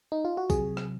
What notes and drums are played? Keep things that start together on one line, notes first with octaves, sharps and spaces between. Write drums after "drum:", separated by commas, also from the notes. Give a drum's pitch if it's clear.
D#4
F4
F#4
C3 F#3 G#4, drum: kick A#1, tambourine
drum: rim click